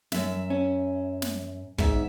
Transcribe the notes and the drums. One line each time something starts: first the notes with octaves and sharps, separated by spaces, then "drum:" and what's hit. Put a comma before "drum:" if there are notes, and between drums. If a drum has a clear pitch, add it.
F#2 E5, drum: snare
C#4
drum: snare
E2 G#2 E5, drum: kick